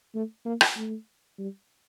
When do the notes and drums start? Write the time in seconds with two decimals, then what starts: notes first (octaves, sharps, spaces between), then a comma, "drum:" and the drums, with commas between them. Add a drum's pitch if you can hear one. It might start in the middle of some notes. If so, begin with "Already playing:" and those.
0.14 A3
0.45 A#3
0.61 drum: rim click
0.77 A3
1.39 G3